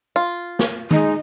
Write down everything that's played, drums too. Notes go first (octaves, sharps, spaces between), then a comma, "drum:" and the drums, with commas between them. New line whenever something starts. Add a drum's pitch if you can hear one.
F4
drum: snare
G#3 D#4, drum: tom D#3